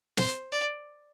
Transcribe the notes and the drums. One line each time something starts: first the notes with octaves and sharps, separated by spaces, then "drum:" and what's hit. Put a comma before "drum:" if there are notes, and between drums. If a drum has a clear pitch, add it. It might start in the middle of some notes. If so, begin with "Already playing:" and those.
C5, drum: snare
D5